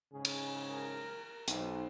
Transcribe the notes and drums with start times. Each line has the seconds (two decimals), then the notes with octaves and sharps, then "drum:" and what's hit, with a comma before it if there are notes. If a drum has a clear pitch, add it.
0.13 G#2 C#3 G#4
0.25 drum: cymbal
0.70 A#4
1.48 B1 D#4 C5, drum: hi-hat